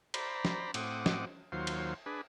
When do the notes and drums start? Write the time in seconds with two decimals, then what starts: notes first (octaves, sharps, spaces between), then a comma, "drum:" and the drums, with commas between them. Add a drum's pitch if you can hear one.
0.14 C5 D5 A#5 B5, drum: cymbal
0.45 drum: snare
0.74 A2 C4 F#5 D6 D#6, drum: cymbal
1.06 drum: snare
1.52 D#2 F#3 F4 C5
1.67 drum: cymbal
2.06 D4 G#4 B4